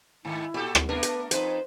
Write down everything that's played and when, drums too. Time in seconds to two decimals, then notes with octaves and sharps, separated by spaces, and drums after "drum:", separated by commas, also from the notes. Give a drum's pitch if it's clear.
0.25 G#2 D#3 E4
0.54 A#2 F#4 G4 A4
0.75 drum: rim click
0.89 A3 B3 D4 A#4 B4
1.03 drum: hi-hat
1.31 F2 D#4 B4 C5, drum: hi-hat